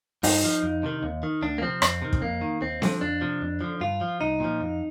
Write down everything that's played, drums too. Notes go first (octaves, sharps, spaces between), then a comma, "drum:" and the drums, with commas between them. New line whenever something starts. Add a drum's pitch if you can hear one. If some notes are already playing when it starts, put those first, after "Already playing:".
G2 D#4, drum: open hi-hat
F3
F2
C3 D#3
D#2
D#3
D2 D4
A#3
C3 F3 C4
F2 C4, drum: rim click
C3 D#3
drum: kick
F2 A#3
D#3
D#2 C4
D3 F3, drum: snare C4
F2 D4
C3 F3
F2
D3 F3
G2 F4
F3
C2 D#4
A#2 F3
F2